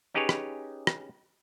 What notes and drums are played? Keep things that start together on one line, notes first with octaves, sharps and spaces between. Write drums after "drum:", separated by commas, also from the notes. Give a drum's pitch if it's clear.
C#4 D#4 G4 G#4 B4 C#5
drum: rim click
drum: rim click